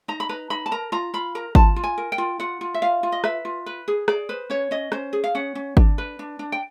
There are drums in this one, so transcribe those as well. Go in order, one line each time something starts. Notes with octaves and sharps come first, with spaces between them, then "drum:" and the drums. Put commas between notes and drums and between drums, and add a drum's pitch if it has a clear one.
D#4 A#5
B5
B4 A#5
D#4 B5
A5
A#4 A#5
F4 A#5
F4 B5
A#4 A#5
F4 A5, drum: kick G#1
F4
G#5
A#4
G5
F4
F4 F#5
F4
E5
F4 F5
F4
D#5
B4 E5, drum: rim click
F4
B4
G#4
G#4 D5, drum: rim click
B4 C5
C#4 C#5
C#4 D#5
C#4 C5, drum: rim click
G#4
F5
C#4 F#5
C#4
D4, drum: kick G#1
B4
D4
D4
G5